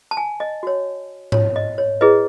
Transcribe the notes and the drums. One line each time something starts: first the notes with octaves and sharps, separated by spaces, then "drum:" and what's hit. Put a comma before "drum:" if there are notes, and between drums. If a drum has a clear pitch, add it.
A5
G#5
D#5
F#4 C#5
C#5, drum: tom G#2
D#5
C#5
E4 G#4 B4 D#5